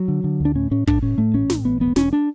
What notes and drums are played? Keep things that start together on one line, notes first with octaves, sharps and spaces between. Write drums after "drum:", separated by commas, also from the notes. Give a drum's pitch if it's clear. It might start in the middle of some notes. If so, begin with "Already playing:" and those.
Already playing: F#3
D3
D3
D2 D4
A2 C#4
A2 C#4
A2 D4, drum: kick
A2 C#4
A2 A3
A1 C#4
A2, drum: snare
A1 B3
E1 B3
E1 C#4, drum: snare
D4